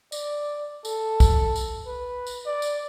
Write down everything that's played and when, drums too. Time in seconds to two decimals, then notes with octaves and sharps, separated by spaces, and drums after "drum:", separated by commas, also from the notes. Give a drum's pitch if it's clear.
0.12 D5, drum: tambourine
0.85 A4, drum: tambourine
1.20 drum: kick, tambourine
1.56 drum: tambourine
1.86 B4
2.27 drum: tambourine
2.46 D5
2.62 drum: tambourine